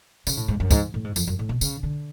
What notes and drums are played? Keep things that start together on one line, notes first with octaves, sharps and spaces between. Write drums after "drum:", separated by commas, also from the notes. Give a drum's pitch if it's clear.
C#3, drum: tambourine
A2
G#2
F#2
G#2, drum: kick, tambourine
A2
G#2
F2, drum: tambourine
F#2
A2
B2
C#3, drum: tambourine
D3